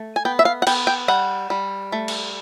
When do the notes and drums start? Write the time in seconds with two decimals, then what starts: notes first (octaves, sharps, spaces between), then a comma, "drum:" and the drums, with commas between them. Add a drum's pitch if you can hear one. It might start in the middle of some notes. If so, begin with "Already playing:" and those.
Already playing: A3
0.16 G#5
0.25 B3 G5
0.39 E5
0.45 F5
0.62 F#5
0.67 B3 G5, drum: cymbal
0.87 G5
1.08 G3 F#5
1.50 G3
1.92 A3
2.08 drum: cymbal